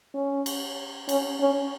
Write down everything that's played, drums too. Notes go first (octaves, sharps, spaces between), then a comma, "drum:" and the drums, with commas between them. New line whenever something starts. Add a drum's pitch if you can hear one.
C#4
drum: cymbal
C#4, drum: cymbal
C#4